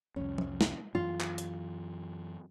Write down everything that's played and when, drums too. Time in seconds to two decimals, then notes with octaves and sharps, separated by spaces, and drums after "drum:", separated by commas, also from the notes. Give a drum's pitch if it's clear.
0.16 C2 F2 C#4
0.38 drum: tom F3
0.61 drum: snare
0.95 F#2 E3 F4
1.20 drum: clap
1.38 drum: hi-hat